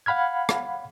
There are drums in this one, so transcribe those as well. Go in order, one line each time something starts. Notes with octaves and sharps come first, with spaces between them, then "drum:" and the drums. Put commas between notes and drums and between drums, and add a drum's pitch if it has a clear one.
F5 F#5 B5 F6 G#6
drum: rim click